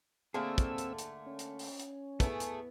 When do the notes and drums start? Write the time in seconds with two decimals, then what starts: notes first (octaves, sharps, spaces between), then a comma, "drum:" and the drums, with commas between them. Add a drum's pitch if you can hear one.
0.34 D3 A3 A#3 C4 G#4 E6
0.58 drum: kick, hi-hat
0.78 drum: hi-hat
0.98 drum: hi-hat
1.27 C#4
1.39 drum: hi-hat
1.59 drum: open hi-hat
1.80 drum: hi-hat
2.20 A3 B3 E4 G#4, drum: kick, hi-hat
2.40 drum: hi-hat